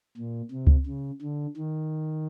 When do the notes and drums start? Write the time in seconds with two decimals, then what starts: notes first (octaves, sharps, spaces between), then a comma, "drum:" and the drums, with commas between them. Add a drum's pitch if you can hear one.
0.17 A#2
0.52 C3
0.67 drum: kick C#2
0.87 C#3
1.22 D3
1.57 D#3